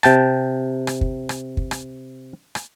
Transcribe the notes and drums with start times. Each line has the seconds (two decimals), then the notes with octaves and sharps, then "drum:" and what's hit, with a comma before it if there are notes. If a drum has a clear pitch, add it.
0.03 C3 G5 A5, drum: rim click
0.87 drum: rim click
1.01 drum: kick
1.29 drum: rim click
1.57 drum: kick
1.71 drum: rim click
2.55 drum: rim click